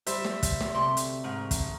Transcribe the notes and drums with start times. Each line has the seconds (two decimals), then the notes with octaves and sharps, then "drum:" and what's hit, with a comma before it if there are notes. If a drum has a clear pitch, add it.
0.07 G3 C5 E5, drum: hi-hat
0.25 drum: snare
0.43 drum: kick, hi-hat
0.61 drum: snare
0.75 D2 C3 D5 C6 C#6
0.97 drum: hi-hat
1.24 G#2 A3 A#4
1.51 drum: kick, hi-hat